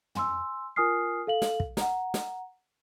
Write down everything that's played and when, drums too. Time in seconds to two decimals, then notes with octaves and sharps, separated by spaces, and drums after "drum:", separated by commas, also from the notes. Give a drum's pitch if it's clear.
0.15 G#5 C6 E6, drum: tom
0.76 F4 A#4 G#5 D#6 F6 C7
1.27 A4 F5 F#7
1.42 drum: snare
1.60 drum: kick
1.77 F#5 A#5, drum: snare
2.14 drum: snare